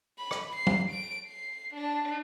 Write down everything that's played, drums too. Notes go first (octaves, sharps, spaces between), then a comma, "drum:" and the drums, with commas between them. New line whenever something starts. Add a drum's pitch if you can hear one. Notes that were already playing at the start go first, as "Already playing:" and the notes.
B5
drum: rim click
C7
drum: tom F#3
D7
C7
D4